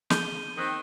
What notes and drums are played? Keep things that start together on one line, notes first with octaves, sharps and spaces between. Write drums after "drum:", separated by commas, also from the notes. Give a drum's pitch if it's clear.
G#4 G6 D#7 G7, drum: snare
D#3 C4 D#6 F#6 A#6